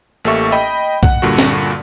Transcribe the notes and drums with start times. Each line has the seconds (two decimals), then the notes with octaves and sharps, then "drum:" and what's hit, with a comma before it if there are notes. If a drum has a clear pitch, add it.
0.25 A1 A#3 G4 A4 E5 C#6
0.52 D#5 G5 B5
1.03 F#5, drum: kick B1
1.22 G2 A#2 D3 F#4
1.38 drum: snare